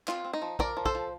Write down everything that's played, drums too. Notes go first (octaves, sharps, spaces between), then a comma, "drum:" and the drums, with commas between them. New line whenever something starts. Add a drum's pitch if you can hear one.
C4 F4, drum: clap
C4
D#4
F3
F3 A#4 D5, drum: kick
F3
A4 C5, drum: kick
F3